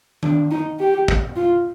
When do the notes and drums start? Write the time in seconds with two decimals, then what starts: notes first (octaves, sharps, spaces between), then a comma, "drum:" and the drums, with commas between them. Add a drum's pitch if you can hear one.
0.23 D4, drum: tom D#3
0.51 D#4
0.80 G4
1.08 drum: kick
1.36 F4